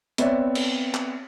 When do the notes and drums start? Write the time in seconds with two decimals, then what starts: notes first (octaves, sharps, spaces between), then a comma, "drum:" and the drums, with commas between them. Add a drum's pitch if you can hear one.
0.18 B3 C4 C#5 D5 E5, drum: hi-hat
0.55 drum: cymbal
0.94 drum: clap